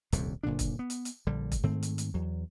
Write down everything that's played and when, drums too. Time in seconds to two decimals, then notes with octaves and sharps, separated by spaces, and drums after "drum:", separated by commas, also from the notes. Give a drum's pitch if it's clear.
0.12 D#1 C2 F2 C3, drum: hi-hat
0.43 F#1 A#2 D3 D4
0.59 drum: kick E1, hi-hat
0.79 B3
0.90 drum: hi-hat
1.05 drum: hi-hat
1.27 A#1 D3 G3
1.52 drum: kick E1, hi-hat
1.63 G#2 D#3 A3 C4
1.83 drum: hi-hat
1.98 drum: hi-hat
2.14 E2 F#3